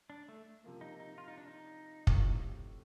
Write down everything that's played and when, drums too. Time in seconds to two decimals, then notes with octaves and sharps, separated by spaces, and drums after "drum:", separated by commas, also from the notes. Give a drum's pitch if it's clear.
0.10 D4
0.29 A3
0.64 C3 F3 A#3
0.81 D#4
1.00 D#4
1.18 F4
1.28 D#4
1.38 D4
1.48 D#4
2.07 A2 F3 A3 C4 G4, drum: kick